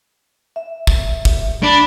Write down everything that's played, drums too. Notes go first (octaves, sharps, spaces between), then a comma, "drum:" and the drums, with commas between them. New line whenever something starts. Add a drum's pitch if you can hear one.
E5
drum: kick
drum: kick
D4 B5